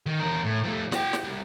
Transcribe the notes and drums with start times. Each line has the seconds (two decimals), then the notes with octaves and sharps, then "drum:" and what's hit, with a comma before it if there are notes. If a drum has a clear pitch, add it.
0.06 D#3
0.20 E2 A#4
0.45 A2
0.65 F3 A3
0.92 F#4 G5, drum: snare
1.13 drum: snare
1.24 C2